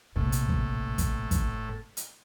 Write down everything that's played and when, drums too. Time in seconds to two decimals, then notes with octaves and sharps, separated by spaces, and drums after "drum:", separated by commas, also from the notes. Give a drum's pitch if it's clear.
0.16 A#1 A2 C3
0.32 drum: hi-hat
0.49 drum: kick
0.98 drum: kick, hi-hat
1.31 drum: kick, hi-hat
1.97 drum: hi-hat